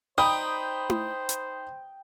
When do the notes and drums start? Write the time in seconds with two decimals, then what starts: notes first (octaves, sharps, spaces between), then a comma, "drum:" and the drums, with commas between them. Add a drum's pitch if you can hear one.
0.18 D#4 C5 G5 B5 D#6
0.90 drum: tom E4
1.29 drum: hi-hat